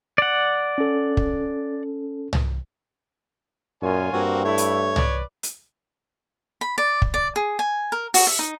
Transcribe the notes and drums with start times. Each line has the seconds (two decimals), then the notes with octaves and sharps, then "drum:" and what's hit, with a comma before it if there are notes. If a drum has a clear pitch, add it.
0.18 D5 F#5
0.78 C#4 A4
1.17 drum: kick
2.33 drum: tom
3.82 F#2 A#2 F4 C#5 G#5
4.13 G2 A#3 C4 F#4
4.45 A3 E4 C#5
4.58 drum: hi-hat
4.96 B4 D5, drum: tom
5.43 drum: hi-hat
6.61 B5
6.78 D5
7.02 drum: kick
7.14 D5
7.36 G#4
7.59 G#5
7.92 A#4
8.14 F#4, drum: open hi-hat
8.27 E5
8.39 D#4